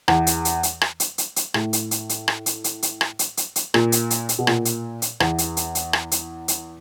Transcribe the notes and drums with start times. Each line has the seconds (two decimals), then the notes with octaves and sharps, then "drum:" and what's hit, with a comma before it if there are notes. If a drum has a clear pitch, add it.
0.08 E2, drum: rim click
0.27 drum: hi-hat
0.45 drum: hi-hat
0.63 drum: hi-hat
0.81 drum: rim click
1.00 drum: hi-hat
1.18 drum: hi-hat
1.36 drum: hi-hat
1.54 A2, drum: rim click
1.73 drum: hi-hat
1.91 drum: hi-hat
2.09 drum: hi-hat
2.28 drum: rim click
2.46 drum: hi-hat
2.64 drum: hi-hat
2.83 drum: hi-hat
3.01 drum: rim click
3.19 drum: hi-hat
3.37 drum: hi-hat
3.56 drum: hi-hat
3.74 A#2, drum: rim click
3.92 drum: hi-hat
4.10 drum: hi-hat
4.29 drum: hi-hat
4.39 B2
4.47 A#2, drum: rim click
4.65 drum: hi-hat
5.02 drum: hi-hat
5.20 E2, drum: rim click
5.38 drum: hi-hat
5.57 drum: hi-hat
5.75 drum: hi-hat
5.93 drum: rim click
6.12 drum: hi-hat
6.48 drum: hi-hat